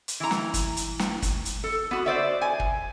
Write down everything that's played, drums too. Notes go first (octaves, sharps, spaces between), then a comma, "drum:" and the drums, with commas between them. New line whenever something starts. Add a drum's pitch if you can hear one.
drum: hi-hat
E3 A#5
drum: snare
drum: kick, hi-hat
drum: hi-hat
drum: snare
drum: kick, hi-hat
drum: hi-hat
A4
B3 F#4
C5 D5 E5
G#5
drum: kick